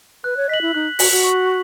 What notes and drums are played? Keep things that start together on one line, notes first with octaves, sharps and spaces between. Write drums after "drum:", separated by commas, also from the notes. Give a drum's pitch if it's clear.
B4 F#6
C#5
D#5 B6 F#7
E4
D#4 F#6
F#4 B6 F#7, drum: open hi-hat
F#4
C#6